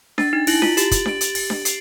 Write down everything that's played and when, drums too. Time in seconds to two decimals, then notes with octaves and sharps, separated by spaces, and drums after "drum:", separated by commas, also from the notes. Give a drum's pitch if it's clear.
0.18 D4 A6, drum: snare D4
0.33 D#4
0.47 E4 D7 F#7, drum: open hi-hat
0.62 F4, drum: snare D4
0.77 G4 A6, drum: hi-hat
0.91 drum: kick, hi-hat
1.06 D7 F#7, drum: snare D4
1.21 drum: hi-hat
1.35 A6, drum: open hi-hat
1.50 drum: snare D4
1.65 C7, drum: hi-hat